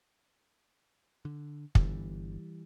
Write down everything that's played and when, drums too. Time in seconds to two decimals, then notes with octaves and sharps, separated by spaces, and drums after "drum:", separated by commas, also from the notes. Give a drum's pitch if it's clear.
1.25 D3
1.75 G1 E3 G3, drum: kick